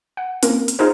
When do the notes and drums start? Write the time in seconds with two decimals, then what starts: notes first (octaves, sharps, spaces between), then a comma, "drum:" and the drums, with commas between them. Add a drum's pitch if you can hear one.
0.17 F#5
0.43 A#3 C4 C#4 A#4, drum: hi-hat
0.68 drum: hi-hat
0.79 D#4 F4 G#4 A#4 C5